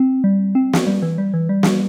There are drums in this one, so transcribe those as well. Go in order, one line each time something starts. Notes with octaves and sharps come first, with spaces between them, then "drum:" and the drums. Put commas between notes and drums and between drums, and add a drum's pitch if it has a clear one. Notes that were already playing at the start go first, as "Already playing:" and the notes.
Already playing: C4
G3
C4
drum: snare
G3
E3
G3
E3
G3
drum: snare